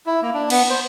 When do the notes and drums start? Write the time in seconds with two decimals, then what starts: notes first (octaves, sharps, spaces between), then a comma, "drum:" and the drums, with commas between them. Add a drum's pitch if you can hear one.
0.06 E4
0.22 A#3
0.34 D4
0.50 B3, drum: cymbal
0.70 C5